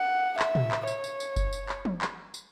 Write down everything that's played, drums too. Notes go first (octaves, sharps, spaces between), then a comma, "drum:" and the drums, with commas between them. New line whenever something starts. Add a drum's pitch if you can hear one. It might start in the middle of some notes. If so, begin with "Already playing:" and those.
Already playing: F#5
E5, drum: clap
drum: tom
drum: clap
C#5, drum: tambourine
drum: tambourine
drum: tambourine
drum: kick F#1, tambourine
drum: tambourine
drum: clap
drum: tom
drum: clap
drum: tambourine